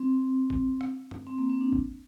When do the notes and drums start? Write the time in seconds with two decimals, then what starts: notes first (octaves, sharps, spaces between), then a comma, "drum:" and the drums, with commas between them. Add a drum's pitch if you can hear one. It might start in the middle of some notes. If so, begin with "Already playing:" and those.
Already playing: C4
0.50 drum: kick G#1
0.81 drum: rim click
1.11 drum: tom G2
1.27 C4
1.38 A#3
1.50 C4
1.61 D4
1.72 drum: kick G#1